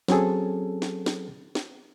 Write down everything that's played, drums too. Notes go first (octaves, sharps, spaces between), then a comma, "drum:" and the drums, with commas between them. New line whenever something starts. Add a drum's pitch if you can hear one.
F#3 C4 C#4 G#4 A4, drum: snare
drum: snare
drum: snare
drum: snare